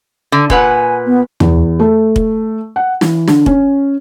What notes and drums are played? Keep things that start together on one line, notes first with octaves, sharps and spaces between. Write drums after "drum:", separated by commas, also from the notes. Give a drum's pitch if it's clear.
D3
A#2 B4 F#5 G#5, drum: kick
B3
E2, drum: tom
A3
drum: kick
F#5
E3, drum: snare
D3, drum: snare
C#4, drum: kick